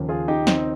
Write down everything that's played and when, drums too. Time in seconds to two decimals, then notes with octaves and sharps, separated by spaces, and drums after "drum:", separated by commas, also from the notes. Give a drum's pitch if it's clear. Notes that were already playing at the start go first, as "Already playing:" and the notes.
Already playing: D#2 C#3 F3
0.09 F4 G#4
0.28 D#4 G4
0.47 C4 D#4, drum: snare